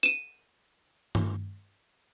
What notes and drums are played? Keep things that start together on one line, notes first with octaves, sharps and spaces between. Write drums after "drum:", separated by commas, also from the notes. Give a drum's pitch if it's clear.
D#7 E7
drum: tom G2